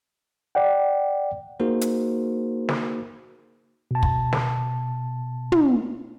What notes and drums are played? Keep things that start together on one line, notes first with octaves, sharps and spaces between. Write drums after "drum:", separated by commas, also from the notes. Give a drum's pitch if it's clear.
D5 F#5 G5
A#3 D#4 F#4 G#4 A#4 C5
drum: hi-hat
drum: snare
B2 A5
drum: kick
drum: snare
drum: tom